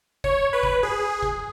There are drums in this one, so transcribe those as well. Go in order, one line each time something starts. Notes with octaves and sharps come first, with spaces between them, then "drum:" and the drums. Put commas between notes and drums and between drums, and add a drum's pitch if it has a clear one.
C#5, drum: kick
B4
drum: kick
G#4
drum: kick